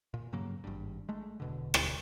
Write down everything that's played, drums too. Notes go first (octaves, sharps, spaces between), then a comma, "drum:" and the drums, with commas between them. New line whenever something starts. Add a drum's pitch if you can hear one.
A#2
G2 C#3 F#3 A#3
G#1 G2
G#3 A3
E1 B2 D3
drum: rim click